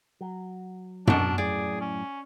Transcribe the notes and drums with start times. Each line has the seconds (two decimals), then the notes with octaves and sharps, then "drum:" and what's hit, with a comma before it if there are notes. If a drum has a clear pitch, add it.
0.21 F#3
1.07 F#2 B2 D4, drum: tom F#2
1.38 F#2 A2 G#4 D5
1.81 C#4